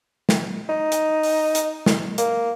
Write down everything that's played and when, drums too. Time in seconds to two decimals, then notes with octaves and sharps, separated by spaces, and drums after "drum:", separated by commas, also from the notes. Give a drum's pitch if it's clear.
0.29 drum: snare
0.69 D#4
0.92 drum: hi-hat
1.23 drum: open hi-hat
1.55 drum: hi-hat
1.86 drum: snare
2.18 A#3, drum: hi-hat